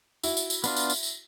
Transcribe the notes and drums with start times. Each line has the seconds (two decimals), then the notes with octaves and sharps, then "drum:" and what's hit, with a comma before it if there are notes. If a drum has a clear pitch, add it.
0.24 E4 F#4, drum: tambourine
0.37 drum: tambourine
0.50 drum: tambourine
0.64 B3 D4 F4, drum: tambourine
0.76 drum: tambourine
0.90 drum: tambourine
1.03 drum: tambourine